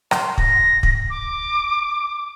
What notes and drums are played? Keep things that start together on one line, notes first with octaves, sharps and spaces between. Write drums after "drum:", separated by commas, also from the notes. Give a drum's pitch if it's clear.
C6, drum: rim click
A#6, drum: kick
drum: kick
D6